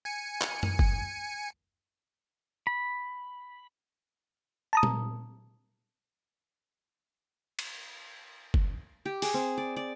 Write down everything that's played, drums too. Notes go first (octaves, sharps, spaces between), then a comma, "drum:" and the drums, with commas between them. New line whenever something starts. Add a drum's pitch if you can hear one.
G#5 C#7
drum: clap
drum: tom F#2
drum: kick
B5
A5 A#5 D#6
drum: tom A#2
drum: cymbal
drum: kick
G4
G#4, drum: open hi-hat
C4
D5
D5